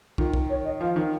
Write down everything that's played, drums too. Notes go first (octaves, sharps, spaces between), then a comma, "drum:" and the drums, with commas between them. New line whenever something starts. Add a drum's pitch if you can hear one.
D#3 F4, drum: kick
A#4, drum: kick
C#5
D#5
F3 F5
D#3